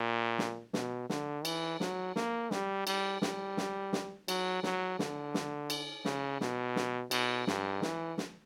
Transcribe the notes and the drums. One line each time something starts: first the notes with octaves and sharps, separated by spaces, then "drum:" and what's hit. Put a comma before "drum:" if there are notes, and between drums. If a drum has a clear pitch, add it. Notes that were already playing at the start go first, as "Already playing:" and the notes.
Already playing: A#2
drum: snare
B2, drum: snare
D3, drum: snare
E3, drum: cymbal
F#3, drum: snare
A#3, drum: snare
G3, drum: snare
G3, drum: cymbal
G3, drum: snare
drum: snare
drum: snare
F#3, drum: cymbal
F#3, drum: snare
D3, drum: snare
drum: snare
drum: cymbal
C#3, drum: snare
B2, drum: snare
drum: snare
B2, drum: cymbal
G2, drum: snare
E3, drum: snare
drum: snare